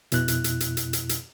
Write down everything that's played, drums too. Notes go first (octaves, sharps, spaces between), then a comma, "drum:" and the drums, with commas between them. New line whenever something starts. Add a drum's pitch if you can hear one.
F2 B2 E4 F#6, drum: hi-hat
drum: hi-hat
drum: hi-hat
drum: hi-hat
drum: hi-hat
drum: hi-hat
drum: hi-hat